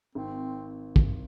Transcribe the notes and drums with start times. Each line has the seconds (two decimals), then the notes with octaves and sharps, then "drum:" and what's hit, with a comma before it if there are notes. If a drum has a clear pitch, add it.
0.15 G#1 C4
0.96 drum: kick